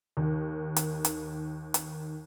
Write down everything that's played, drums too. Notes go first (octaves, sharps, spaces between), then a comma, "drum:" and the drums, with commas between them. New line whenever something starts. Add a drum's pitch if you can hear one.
D#2 D#3
drum: hi-hat
drum: hi-hat
drum: hi-hat